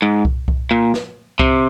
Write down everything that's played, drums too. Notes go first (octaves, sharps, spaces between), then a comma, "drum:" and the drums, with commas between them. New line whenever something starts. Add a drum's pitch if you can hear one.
G#2
drum: kick C2
drum: kick C2
A#2
drum: snare
C3, drum: kick C2